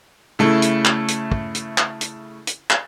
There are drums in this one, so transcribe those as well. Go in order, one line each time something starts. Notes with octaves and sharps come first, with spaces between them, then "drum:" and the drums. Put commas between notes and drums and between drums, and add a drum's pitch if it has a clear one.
C#3 A3 E4
drum: hi-hat
drum: clap
drum: hi-hat
drum: kick
drum: hi-hat
drum: clap
drum: hi-hat
drum: hi-hat
drum: clap